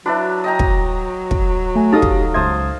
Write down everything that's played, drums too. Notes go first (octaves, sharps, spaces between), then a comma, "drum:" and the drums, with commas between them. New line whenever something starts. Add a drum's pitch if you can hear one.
F#3 D4 E4 F#4 B4 E5
D#5 G5 A#5
drum: kick
drum: kick
A3 G#5
D#4 G4 A4 D#5 F5 D#6
drum: kick
C#2 C5 E5 A5 D#6 G#6